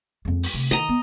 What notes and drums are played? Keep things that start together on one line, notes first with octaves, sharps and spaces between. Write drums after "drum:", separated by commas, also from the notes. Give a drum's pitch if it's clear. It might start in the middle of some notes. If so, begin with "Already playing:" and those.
F2 G#3
drum: open hi-hat
C3 A3
D#3 D#5 A#5
B3